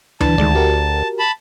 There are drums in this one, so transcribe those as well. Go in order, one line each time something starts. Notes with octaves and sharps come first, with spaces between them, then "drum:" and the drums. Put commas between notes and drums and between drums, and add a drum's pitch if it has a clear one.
E3 D4 B4 A5, drum: tom D2
D2 D#3 G#3 D5
F#4 G4 A#4
A5 B5